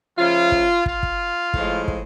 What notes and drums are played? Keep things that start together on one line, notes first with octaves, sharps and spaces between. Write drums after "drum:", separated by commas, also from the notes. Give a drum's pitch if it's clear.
C#3 F3 A3 F4
drum: kick
F4, drum: kick
drum: kick
A2 F3 G#3, drum: kick
drum: kick